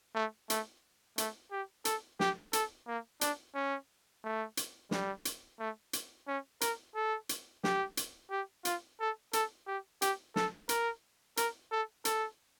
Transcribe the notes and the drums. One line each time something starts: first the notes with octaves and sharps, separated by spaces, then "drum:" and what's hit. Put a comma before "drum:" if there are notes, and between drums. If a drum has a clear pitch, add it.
A3
A3, drum: hi-hat
A3, drum: hi-hat
G4
A4, drum: hi-hat
G4, drum: snare
A4, drum: hi-hat
A#3
D4, drum: hi-hat
C#4
A3
drum: hi-hat
G3, drum: snare
drum: hi-hat
A3
drum: hi-hat
C#4
A#4, drum: hi-hat
A4
drum: hi-hat
G4, drum: snare
drum: hi-hat
G4
F4, drum: hi-hat
A4
A4, drum: hi-hat
G4
G4, drum: hi-hat
A4, drum: snare
A#4, drum: hi-hat
A#4, drum: hi-hat
A4
A4, drum: hi-hat